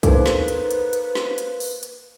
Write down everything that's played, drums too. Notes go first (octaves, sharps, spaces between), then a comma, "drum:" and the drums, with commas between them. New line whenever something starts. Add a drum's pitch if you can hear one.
A#3 D#4 A4 B4 C5, drum: kick, hi-hat
drum: snare
drum: hi-hat
drum: hi-hat
drum: hi-hat
drum: snare
drum: hi-hat
drum: open hi-hat
drum: hi-hat